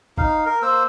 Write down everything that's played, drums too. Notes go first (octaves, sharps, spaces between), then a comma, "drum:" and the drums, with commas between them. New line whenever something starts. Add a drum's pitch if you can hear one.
D#4 F5, drum: kick G1
A#4
A#3 C5 E6